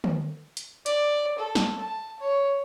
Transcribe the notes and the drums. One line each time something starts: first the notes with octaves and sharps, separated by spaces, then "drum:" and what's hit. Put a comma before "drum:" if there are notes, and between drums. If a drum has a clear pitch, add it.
drum: tom
drum: hi-hat
D5, drum: hi-hat
A4
drum: snare
A5
C#5